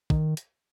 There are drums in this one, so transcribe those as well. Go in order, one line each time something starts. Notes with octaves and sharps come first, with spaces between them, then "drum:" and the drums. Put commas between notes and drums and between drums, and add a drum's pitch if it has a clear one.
D#3, drum: kick
drum: hi-hat